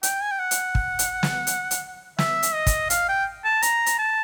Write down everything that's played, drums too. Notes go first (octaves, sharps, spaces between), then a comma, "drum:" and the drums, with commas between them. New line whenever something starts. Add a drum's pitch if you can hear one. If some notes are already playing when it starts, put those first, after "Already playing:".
G5, drum: hi-hat
G#5
G5
F#5
drum: hi-hat
drum: kick
drum: hi-hat
drum: snare
drum: hi-hat
drum: hi-hat
E5, drum: snare
drum: hi-hat
D#5
drum: kick, hi-hat
F5, drum: hi-hat
G5
A5
A#5, drum: hi-hat
drum: hi-hat
A5